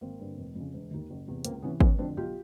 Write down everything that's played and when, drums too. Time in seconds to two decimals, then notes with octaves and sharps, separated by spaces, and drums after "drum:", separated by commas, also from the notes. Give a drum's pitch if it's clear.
0.01 G#1 A#3 C4
0.20 G2 D3
0.37 F1
0.55 F2
0.60 C#3
0.74 E1
0.91 D#2 D#3
1.10 F#1
1.28 E2 C3
1.45 C#2 A#3 C4, drum: hi-hat
1.62 C3 E3 B3 C#4
1.80 F1 B3 C#4, drum: kick G#1
1.98 F2 D3 C4 D4
2.17 B1 F4 G4